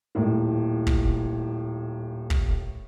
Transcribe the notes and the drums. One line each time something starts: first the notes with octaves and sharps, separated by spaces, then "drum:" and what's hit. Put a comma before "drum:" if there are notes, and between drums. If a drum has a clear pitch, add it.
D#1 A2 A#3
drum: kick
drum: kick